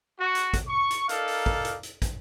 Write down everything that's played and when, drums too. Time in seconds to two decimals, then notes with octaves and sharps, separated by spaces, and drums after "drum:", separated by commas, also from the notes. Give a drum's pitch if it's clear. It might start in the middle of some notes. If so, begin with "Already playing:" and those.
0.20 F#4
0.35 drum: hi-hat
0.54 drum: kick, hi-hat
0.68 C#6
0.91 drum: hi-hat
1.09 D#4 A4 A#4 D5 F5, drum: hi-hat
1.28 drum: open hi-hat
1.46 drum: kick
1.65 drum: hi-hat
1.83 drum: hi-hat
2.02 drum: kick, hi-hat